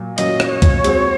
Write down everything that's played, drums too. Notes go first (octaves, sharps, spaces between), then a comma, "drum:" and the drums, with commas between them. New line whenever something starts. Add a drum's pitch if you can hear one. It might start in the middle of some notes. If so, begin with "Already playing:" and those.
Already playing: A#2 F#3
A#2 F#3 C#4 F#4 D#5, drum: hi-hat
drum: rim click
C#5
drum: kick C2, hi-hat
G#3 C4 F#4, drum: hi-hat